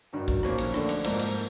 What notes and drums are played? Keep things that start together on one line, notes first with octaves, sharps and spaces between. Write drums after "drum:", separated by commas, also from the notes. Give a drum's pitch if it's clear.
G2 D#3 F#3
drum: kick
A#2 F3 A#3 C#4, drum: rim click
drum: cymbal
D3 F3 A3 D4, drum: rim click
drum: cymbal
G#2 F3 A#3, drum: cymbal
drum: cymbal